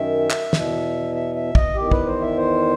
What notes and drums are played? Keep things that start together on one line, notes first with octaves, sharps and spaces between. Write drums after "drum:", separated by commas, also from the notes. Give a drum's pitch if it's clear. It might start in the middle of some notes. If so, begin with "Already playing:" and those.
Already playing: F#2 D#3 E5
drum: clap
E2 B2, drum: snare
E5
E5
D#5, drum: kick
E2 D#3 G4
B4, drum: kick
C5
E5
C5